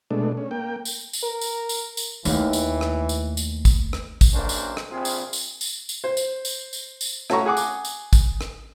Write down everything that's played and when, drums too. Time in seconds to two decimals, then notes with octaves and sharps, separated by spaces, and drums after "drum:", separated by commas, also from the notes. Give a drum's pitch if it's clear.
0.11 B2 G#3 A3 D4
0.37 C#4
0.51 A#3 G5
0.85 drum: tambourine
1.13 drum: tambourine
1.23 A#4
1.41 drum: tambourine
1.69 drum: tambourine
1.97 drum: tambourine
2.25 D#2 E3 A3, drum: tambourine
2.53 drum: tambourine
2.81 drum: rim click
3.09 drum: tambourine
3.37 drum: tambourine
3.65 drum: kick, tambourine
3.93 drum: rim click
4.21 drum: kick, tambourine
4.34 B1 F#2 A#3 C#4 D4 C5
4.49 drum: tambourine
4.77 drum: rim click
4.92 A#1 C3 C4 F4 G#4
5.05 drum: tambourine
5.33 drum: tambourine
5.61 drum: tambourine
5.89 drum: tambourine
6.04 C5
6.17 drum: tambourine
6.45 drum: tambourine
6.73 drum: tambourine
7.01 drum: tambourine
7.30 A3 C#4 F#4 A#5 C#6, drum: rim click
7.46 G#4 F#5 D6
7.57 drum: tambourine
7.85 drum: tambourine
8.13 drum: kick, tambourine
8.41 drum: rim click